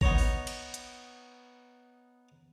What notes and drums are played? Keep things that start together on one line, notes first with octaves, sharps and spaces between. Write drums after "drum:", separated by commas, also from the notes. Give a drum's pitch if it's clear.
B3 D#4 C#5 A#5, drum: kick G#1
drum: open hi-hat
drum: cymbal
drum: hi-hat